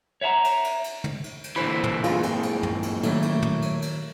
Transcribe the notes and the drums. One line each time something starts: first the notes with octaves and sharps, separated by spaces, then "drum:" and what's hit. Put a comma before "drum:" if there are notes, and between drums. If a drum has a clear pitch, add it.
C#5 E5 F#5 A5 A#5
drum: cymbal
drum: cymbal
drum: cymbal
drum: tom
drum: cymbal
drum: cymbal
A#2 D3 E3 C5 B5 B6
drum: tom
G2 F4 G#4, drum: cymbal
C4, drum: cymbal
drum: cymbal
drum: tom
drum: cymbal
D#3 F#3 A3 A#3 E4, drum: cymbal
drum: cymbal
drum: tom
drum: cymbal
drum: cymbal